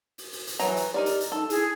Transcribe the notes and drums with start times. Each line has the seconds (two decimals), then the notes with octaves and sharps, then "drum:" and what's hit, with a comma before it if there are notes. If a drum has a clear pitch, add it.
0.18 drum: open hi-hat
0.33 drum: open hi-hat
0.47 drum: hi-hat
0.60 E3 F#3 B4 A#5, drum: hi-hat
0.77 drum: hi-hat
0.94 D#4 G4 A#4 D5
1.06 drum: hi-hat
1.21 drum: hi-hat
1.32 D#4 A4
1.50 E4 G#4, drum: hi-hat